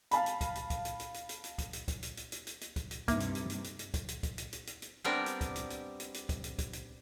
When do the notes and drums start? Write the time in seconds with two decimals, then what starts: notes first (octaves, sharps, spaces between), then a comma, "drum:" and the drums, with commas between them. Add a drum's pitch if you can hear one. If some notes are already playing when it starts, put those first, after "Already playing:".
0.11 F5 A5 B5, drum: hi-hat
0.26 drum: hi-hat
0.41 drum: kick, hi-hat
0.55 drum: hi-hat
0.70 drum: kick, hi-hat
0.85 drum: hi-hat
1.00 drum: hi-hat
1.14 drum: hi-hat
1.29 drum: hi-hat
1.44 drum: hi-hat
1.58 drum: kick, hi-hat
1.73 drum: hi-hat
1.88 drum: kick, hi-hat
2.03 drum: hi-hat
2.17 drum: hi-hat
2.32 drum: hi-hat
2.47 drum: hi-hat
2.61 drum: hi-hat
2.76 drum: kick, hi-hat
2.91 drum: hi-hat
3.08 G2 C3 A#3 D#4 E5, drum: kick, hi-hat
3.20 drum: hi-hat
3.35 drum: hi-hat
3.50 drum: hi-hat
3.64 drum: hi-hat
3.79 drum: hi-hat
3.94 drum: kick, hi-hat
4.08 drum: hi-hat
4.23 drum: kick, hi-hat
4.38 drum: hi-hat
4.53 drum: hi-hat
4.67 drum: hi-hat
4.82 drum: hi-hat
5.04 G3 B3 C4 D4 A#4
5.26 drum: hi-hat
5.41 drum: kick, hi-hat
5.56 drum: hi-hat
5.70 drum: hi-hat
6.00 drum: hi-hat
6.14 drum: hi-hat
6.29 drum: kick, hi-hat
6.44 drum: hi-hat
6.59 drum: kick, hi-hat
6.73 drum: hi-hat